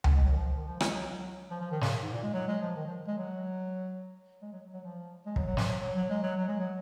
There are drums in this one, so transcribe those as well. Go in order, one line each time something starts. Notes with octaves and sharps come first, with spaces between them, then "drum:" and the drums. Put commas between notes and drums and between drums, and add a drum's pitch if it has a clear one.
drum: tom C#2
G#3
F#3
D#3
F3
F3
D#3
F3
G#3, drum: rim click
F#3
F3
F3
D#3
C#3, drum: snare
G#2
A#2
G#3
F#3
G#3
F3
D#3
F3
G#3
F#3
G#3
F#3
F#3
F3
G#3
F#3, drum: kick
F#3
F3, drum: snare
F#3
F#3
F#3
G#3
F#3
F#3
G#3
F#3